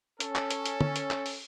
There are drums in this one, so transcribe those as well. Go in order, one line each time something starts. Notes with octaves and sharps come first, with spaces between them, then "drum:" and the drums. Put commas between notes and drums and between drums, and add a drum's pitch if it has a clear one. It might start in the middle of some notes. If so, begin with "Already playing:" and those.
C#4 A4, drum: hi-hat
drum: clap
drum: hi-hat
drum: hi-hat
drum: tom
drum: hi-hat
drum: clap
drum: open hi-hat